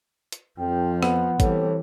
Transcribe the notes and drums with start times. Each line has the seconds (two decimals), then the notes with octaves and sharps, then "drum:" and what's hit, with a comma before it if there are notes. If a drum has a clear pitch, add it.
0.32 drum: hi-hat
0.59 F2 F3 G5
1.03 B3 F#5, drum: rim click
1.40 E3 G3 C4 A4 C#5, drum: kick A1, hi-hat